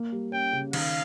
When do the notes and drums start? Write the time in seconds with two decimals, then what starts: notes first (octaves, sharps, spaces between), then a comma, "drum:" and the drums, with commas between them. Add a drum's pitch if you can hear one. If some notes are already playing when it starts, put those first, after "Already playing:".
Already playing: A#3
0.12 G3
0.32 C#4 G5
0.53 C#3
0.73 D#3 F5, drum: cymbal